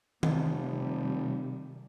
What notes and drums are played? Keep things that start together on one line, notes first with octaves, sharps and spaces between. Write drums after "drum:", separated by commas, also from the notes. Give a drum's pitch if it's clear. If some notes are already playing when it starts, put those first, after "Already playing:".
F1 C3 D#3 G3, drum: tom D#3